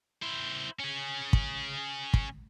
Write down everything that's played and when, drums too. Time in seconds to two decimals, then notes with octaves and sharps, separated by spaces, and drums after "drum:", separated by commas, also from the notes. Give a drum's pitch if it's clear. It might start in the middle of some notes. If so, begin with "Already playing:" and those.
0.22 E4 C5
0.79 C#4 G#4
1.33 drum: kick
2.14 drum: kick